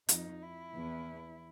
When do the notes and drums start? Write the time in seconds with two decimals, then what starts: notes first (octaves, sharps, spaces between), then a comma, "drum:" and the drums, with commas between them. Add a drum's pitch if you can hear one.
0.09 F2 D#4, drum: hi-hat
0.43 E4
0.75 E2